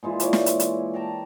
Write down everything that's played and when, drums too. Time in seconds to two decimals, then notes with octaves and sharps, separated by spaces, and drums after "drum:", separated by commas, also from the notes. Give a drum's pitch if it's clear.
0.03 A#2 E3 G#3 F4
0.20 E4 C#5 D5 E5, drum: hi-hat
0.33 drum: snare
0.46 drum: hi-hat
0.60 drum: hi-hat
0.94 A#4 G5 A5 A#5